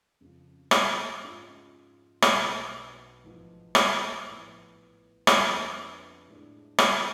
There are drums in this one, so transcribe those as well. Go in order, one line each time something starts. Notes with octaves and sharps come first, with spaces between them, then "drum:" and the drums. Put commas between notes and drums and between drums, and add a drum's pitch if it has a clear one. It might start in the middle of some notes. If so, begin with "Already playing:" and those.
F2 C#3 F3
drum: rim click
G#2 G#3 C#4 F4
B1 B2 F#3 B3 F#4, drum: rim click
A1 G#2 F3 B3
drum: rim click
A2 F3 B3
F2 D3 G#3 B3 F4, drum: rim click
A2 G#3 D4
drum: rim click